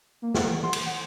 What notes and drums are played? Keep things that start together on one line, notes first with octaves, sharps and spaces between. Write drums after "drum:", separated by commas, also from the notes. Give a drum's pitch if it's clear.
A#3
F#5, drum: snare
E3
C6
drum: cymbal
F#5